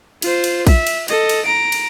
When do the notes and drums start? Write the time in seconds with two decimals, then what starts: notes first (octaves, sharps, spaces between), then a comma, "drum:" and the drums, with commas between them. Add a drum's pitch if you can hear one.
0.22 F4 C5, drum: cymbal
0.44 drum: cymbal
0.67 E5, drum: kick A#1, cymbal
0.87 drum: cymbal
1.08 A4 D#5, drum: cymbal
1.29 drum: cymbal
1.45 A#5 D7
1.72 drum: cymbal